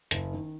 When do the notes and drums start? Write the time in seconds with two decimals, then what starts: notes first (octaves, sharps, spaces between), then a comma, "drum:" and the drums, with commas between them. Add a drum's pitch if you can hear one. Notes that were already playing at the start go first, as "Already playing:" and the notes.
0.11 F#1, drum: hi-hat
0.33 D#3